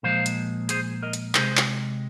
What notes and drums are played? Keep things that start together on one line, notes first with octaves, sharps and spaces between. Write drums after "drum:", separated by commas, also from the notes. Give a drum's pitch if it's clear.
A#2 F3 G#3 C5 F5
drum: hi-hat
G#4 C5, drum: hi-hat
A#4 D#5
drum: hi-hat
C3 G#3 G#4 C5, drum: clap
drum: clap